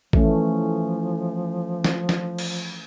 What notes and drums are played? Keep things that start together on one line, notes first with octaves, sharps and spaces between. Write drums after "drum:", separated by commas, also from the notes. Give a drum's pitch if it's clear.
E3 F3 A3 C#4, drum: kick
drum: snare
drum: snare
drum: cymbal